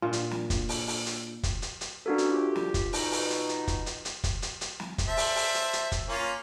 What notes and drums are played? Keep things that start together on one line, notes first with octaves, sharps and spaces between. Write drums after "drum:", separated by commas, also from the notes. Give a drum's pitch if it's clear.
A#2 D4 F4
drum: hi-hat
drum: snare
drum: kick, hi-hat
drum: open hi-hat
drum: open hi-hat
drum: hi-hat
drum: kick, hi-hat
drum: hi-hat
drum: hi-hat
A#3 B3 C#4 D4 F#4 A4
drum: hi-hat
C2 F4 G4
drum: snare
drum: kick, hi-hat
B2 D#4, drum: open hi-hat
drum: open hi-hat
drum: hi-hat
drum: hi-hat
drum: kick, hi-hat
drum: hi-hat
drum: hi-hat
drum: kick, hi-hat
drum: hi-hat
drum: hi-hat
drum: snare
drum: kick, hi-hat
C5 E5 A5
drum: open hi-hat
drum: open hi-hat
drum: hi-hat
drum: hi-hat
drum: kick, hi-hat
A#3 C#4 F4